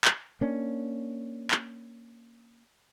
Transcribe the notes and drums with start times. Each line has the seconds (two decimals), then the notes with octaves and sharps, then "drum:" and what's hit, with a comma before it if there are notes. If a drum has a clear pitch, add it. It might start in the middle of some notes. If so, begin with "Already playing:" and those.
0.05 drum: clap
0.41 A#3 C#4 D4
1.51 drum: clap